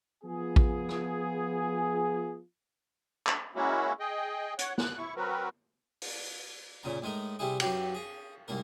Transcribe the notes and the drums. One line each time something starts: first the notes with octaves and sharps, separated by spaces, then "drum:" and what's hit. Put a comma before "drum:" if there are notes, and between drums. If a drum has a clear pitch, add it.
F3 B3 F4 G#4
drum: kick A1
drum: rim click
drum: clap
G#3 A#3 C#4 E4 F#4
G#4 D#5 G5
C#5 F#5, drum: hi-hat
F#6, drum: snare
E4 C#6
F#3 C4 F#4 A#4 B4
drum: open hi-hat
A#2 C#3 A#5
A2 G#3 D#4 A#4
C3 G3 E4 G#4
F#2 F#3 G4 B4, drum: cymbal
G#4
C2 G#2 A#3 A#4